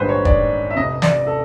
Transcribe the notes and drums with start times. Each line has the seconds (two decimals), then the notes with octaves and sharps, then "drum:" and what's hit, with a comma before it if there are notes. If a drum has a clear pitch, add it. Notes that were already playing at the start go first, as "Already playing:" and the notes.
Already playing: A#1 G#2 D#3 G3 B4 C5
0.09 C#5
0.25 D5, drum: kick
0.70 E5
0.76 F1 F2 C3 D#5
1.02 D5, drum: snare
1.27 A4